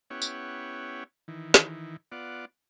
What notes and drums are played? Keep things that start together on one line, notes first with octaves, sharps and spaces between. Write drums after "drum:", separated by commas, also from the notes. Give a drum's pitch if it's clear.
B3 C#4 E4 G4 C#5 F#5
drum: tambourine
D#3 E3
drum: snare
B3 F4 D5 F#5